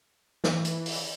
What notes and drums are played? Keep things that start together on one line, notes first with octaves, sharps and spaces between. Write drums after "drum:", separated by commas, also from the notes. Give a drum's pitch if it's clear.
E3, drum: snare
drum: hi-hat
drum: open hi-hat